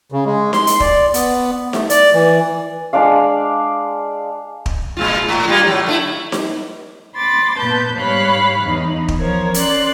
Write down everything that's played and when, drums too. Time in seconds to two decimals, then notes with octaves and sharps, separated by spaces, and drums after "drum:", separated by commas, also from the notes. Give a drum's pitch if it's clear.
0.12 C#3
0.26 G#3
0.53 C6, drum: snare D#4
0.67 drum: hi-hat
0.80 D5, drum: kick
1.14 B3, drum: hi-hat
1.73 A3, drum: snare D#4
1.90 D5, drum: hi-hat
2.14 E3
2.93 G#3 D4 D5 F5
4.66 drum: kick
4.97 A#2 G#3 F4
5.28 A2
5.48 G3 A#3 F4
5.63 A2 F#3
5.87 A3 D4 E4
6.32 drum: snare D#4
7.16 B5 C6 D6 A6
7.58 A#2 B3 B4 A5 G6
7.97 G#2 G3 C#5 F5 B5 F#6
8.62 E2 E3 D#4
9.08 drum: kick
9.20 F3 A#4 C5 C#5
9.54 C#4 D5 C6 F#6, drum: hi-hat